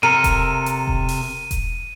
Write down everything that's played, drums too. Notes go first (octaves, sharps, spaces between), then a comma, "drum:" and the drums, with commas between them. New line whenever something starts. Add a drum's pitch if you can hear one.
C3 A4 A#4 D#7
drum: kick E1, hi-hat
drum: hi-hat
drum: kick E1
drum: open hi-hat
drum: kick E1, hi-hat